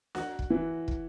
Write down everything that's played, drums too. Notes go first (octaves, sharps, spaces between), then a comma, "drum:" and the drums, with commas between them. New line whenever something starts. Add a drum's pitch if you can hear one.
F#4, drum: snare
drum: kick
E3
drum: kick